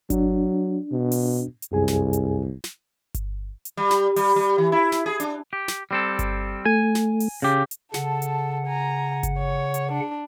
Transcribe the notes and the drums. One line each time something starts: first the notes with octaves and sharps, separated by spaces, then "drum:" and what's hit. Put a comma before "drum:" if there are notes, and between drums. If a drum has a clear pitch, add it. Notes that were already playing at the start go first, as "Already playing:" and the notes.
F#3 D4, drum: kick G1, hi-hat
B2
drum: open hi-hat
drum: hi-hat
C2 F#2 G#4 G#5
drum: snare
drum: hi-hat
drum: snare
drum: kick G1, hi-hat
drum: hi-hat
G3
drum: snare
G3, drum: open hi-hat
G3
E3
E4
drum: snare
G#4
D4, drum: hi-hat
G4
drum: snare
G3 C4 A4
drum: kick G1, hi-hat
A3 G#5
drum: snare
drum: open hi-hat
C#3 G4
drum: hi-hat
C#3 A4 F#5 A5, drum: snare
drum: hi-hat
G#5 A#5
drum: kick G1, hi-hat
C#5
drum: hi-hat
D4